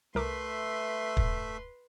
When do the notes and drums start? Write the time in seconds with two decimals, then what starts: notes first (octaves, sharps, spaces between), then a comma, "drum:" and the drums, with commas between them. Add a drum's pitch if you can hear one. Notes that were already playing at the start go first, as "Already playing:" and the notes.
0.15 C2 A3 A#4 B4 E5 C6 D6
1.17 drum: kick